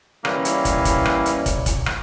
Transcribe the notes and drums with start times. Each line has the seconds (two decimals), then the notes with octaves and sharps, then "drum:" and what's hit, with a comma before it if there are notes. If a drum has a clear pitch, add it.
0.25 E3 G3 A#3 C#4 E4, drum: rim click
0.45 drum: hi-hat
0.65 drum: kick, hi-hat
0.85 drum: kick, hi-hat
1.05 drum: rim click
1.26 drum: hi-hat
1.46 drum: kick, hi-hat
1.66 drum: kick, hi-hat
1.86 drum: rim click